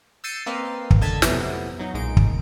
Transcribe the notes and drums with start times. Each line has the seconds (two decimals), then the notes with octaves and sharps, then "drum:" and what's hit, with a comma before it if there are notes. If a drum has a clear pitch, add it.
0.24 E6 G6 A6 C7 C#7 D#7
0.46 A#3 C4 B4 D#5 F5
0.91 drum: kick
1.01 D3 D#5 A5 G#6 A6 B6
1.22 F2 A2 C3 E3 F#3 B3, drum: snare
1.79 F#3 D#4
1.94 B1 A#2 G#3 D#4 D7
2.17 drum: kick